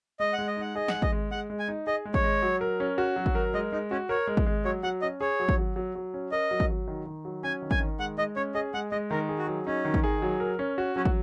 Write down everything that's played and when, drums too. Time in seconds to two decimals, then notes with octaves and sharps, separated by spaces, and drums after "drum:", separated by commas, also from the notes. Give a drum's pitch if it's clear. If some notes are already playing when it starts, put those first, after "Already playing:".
0.20 G#3 D#5
0.33 F#5
0.38 G#3
0.47 D#5
0.57 D#4 F#5
0.75 G#4 D#5
0.88 F#5, drum: snare
0.94 G#3
1.02 D#5, drum: kick
1.12 G#3
1.31 G#3 F#5
1.50 G#3
1.59 G#5
1.68 D#4
1.87 G#4 D#5
2.05 G#3
2.14 C#5, drum: kick
2.24 G#3
2.43 F#3
2.61 A#4
2.80 C#4
2.98 F#4
3.16 F#3
3.26 drum: kick
3.35 A#4
3.54 G#3 D#5
3.72 G#3 D#4
3.91 C#4 F#4
4.09 A#4 C#5
4.27 G#3
4.37 drum: kick
4.46 G#3
4.65 F#3 C#5
4.83 F#3 F#5
5.02 C#4 D#5
5.21 G#4 C#5
5.40 F#3
5.49 drum: kick
5.58 F#3
5.76 F#3
5.95 F#3
6.14 C#4
6.32 A#4 D#5
6.51 F#3
6.60 drum: kick
6.69 F#3
6.88 D#3
7.06 D#3
7.25 F#3
7.43 C#4 G#5
7.62 D#3
7.71 G#5, drum: kick
7.80 D#3
7.99 G#3 F#5
8.18 G#3 D#5
8.36 C#4 C#5
8.54 G#4 D#5
8.74 G#3 F#5
8.91 G#3 D#5
9.11 D#3 A#4
9.29 G#4
9.38 F#4
9.47 F#3
9.66 C#4 D#4
9.85 D#3
9.94 drum: kick
10.04 G#4
10.22 F#3
10.40 A#4
10.59 C#4
10.78 F#4
10.96 F#3 C#4
11.05 drum: kick